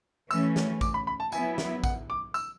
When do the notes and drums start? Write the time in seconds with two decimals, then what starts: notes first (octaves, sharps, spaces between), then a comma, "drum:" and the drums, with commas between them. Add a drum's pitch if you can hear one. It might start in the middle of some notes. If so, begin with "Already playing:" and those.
0.31 E3 A3 C#4 E6, drum: tambourine
0.56 drum: snare
0.81 D6, drum: kick, tambourine
0.94 B5
1.07 B5
1.20 A5
1.32 F#3 B3 E4 G#5, drum: tambourine
1.58 drum: snare
1.84 F#5, drum: kick, tambourine
2.10 D6
2.34 E6, drum: tambourine